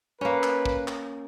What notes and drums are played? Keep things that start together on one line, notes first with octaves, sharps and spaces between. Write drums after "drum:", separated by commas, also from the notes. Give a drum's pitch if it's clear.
A#3 C#4 B4
drum: clap
drum: kick
drum: clap